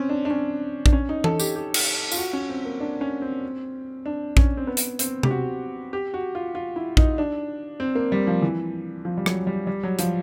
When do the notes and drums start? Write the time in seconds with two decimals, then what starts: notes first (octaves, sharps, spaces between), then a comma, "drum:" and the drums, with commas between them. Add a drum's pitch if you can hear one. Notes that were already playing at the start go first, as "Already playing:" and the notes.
Already playing: C4 C#4
0.09 D4
0.25 D4
0.30 C#4
0.86 D4, drum: kick A#1
0.93 C#4
1.09 D#4
1.24 A4, drum: tom E3
1.40 G4, drum: tambourine
1.56 G4
1.74 drum: cymbal
2.12 F4, drum: tambourine
2.17 F#4
2.33 C#4
2.49 C4
2.65 A#3
2.80 D4
3.01 C#4
3.22 C4
4.06 D4
4.37 C#4, drum: kick A#1
4.57 C4
4.67 B3
4.77 drum: hi-hat
4.99 C4, drum: hi-hat
5.23 G4, drum: tom C3
5.30 F#4
5.93 G4
6.14 F#4
6.35 F4
6.55 F4
6.76 E4
6.97 D#4, drum: kick A#1
7.18 D4
7.80 C4
7.95 A#3
8.12 G3
8.27 F3
8.42 E3
9.05 F3
9.18 G3
9.26 F#3, drum: rim click
9.47 G3
9.67 G3
9.83 F#3
9.99 F3, drum: hi-hat